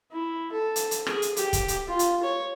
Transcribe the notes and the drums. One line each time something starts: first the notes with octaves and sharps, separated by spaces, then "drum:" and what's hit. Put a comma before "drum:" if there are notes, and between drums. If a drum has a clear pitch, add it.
E4
A4
drum: hi-hat
drum: hi-hat
G#4, drum: rim click
drum: hi-hat
G4, drum: hi-hat
drum: kick, hi-hat
drum: hi-hat
F4
drum: hi-hat
C#5